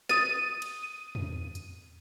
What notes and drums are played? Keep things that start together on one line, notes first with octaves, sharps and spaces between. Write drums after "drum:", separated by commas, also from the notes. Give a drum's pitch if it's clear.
D#6 A6 D#7, drum: snare
drum: cymbal
drum: tom E2
drum: hi-hat